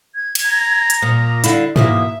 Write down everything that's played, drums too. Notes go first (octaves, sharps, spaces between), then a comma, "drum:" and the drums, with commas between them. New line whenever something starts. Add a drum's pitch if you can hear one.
G#6
drum: cymbal
A#5
drum: hi-hat
A#2 D#6
D3 E4 F5, drum: hi-hat
E2 B2 A#3 E5 D#6, drum: tom G#2